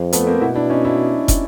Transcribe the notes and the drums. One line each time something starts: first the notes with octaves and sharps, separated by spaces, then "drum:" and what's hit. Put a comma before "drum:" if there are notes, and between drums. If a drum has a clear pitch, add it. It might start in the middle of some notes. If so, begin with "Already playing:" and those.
Already playing: F2
A3 B3, drum: hi-hat
A#3 C4
B2 E4 F#4
D4 E4
C#4 D#4
D4 E4
drum: kick, hi-hat